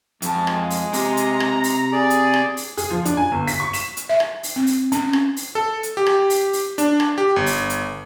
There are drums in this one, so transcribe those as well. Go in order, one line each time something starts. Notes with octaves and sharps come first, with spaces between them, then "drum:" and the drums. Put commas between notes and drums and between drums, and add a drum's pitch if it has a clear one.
F2 G#3 A5, drum: hi-hat
drum: rim click
drum: open hi-hat
C4 G4 A#5, drum: open hi-hat
drum: hi-hat
drum: rim click
drum: open hi-hat
G#4 D5
drum: hi-hat
drum: rim click
drum: open hi-hat
G#4, drum: open hi-hat
F3
D4, drum: hi-hat
G#5
G1
B6, drum: open hi-hat
C#6
E7, drum: open hi-hat
drum: hi-hat
E5
drum: rim click
drum: open hi-hat
C4
drum: open hi-hat
C#4, drum: hi-hat
drum: rim click
drum: open hi-hat
A4
drum: hi-hat
G4
drum: rim click
drum: open hi-hat
drum: open hi-hat
D4, drum: hi-hat
drum: rim click
G4
G1
drum: open hi-hat
drum: hi-hat